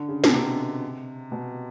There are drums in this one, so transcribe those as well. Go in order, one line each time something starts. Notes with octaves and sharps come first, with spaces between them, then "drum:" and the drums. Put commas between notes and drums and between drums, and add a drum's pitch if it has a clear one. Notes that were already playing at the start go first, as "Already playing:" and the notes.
Already playing: D3
C#3
B2, drum: snare
C3
B2